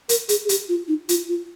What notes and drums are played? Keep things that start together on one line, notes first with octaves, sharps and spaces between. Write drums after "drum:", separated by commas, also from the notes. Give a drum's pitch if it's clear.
A#4, drum: hi-hat
G#4, drum: hi-hat
G#4
G4, drum: hi-hat
F4
D#4
F4, drum: hi-hat
F4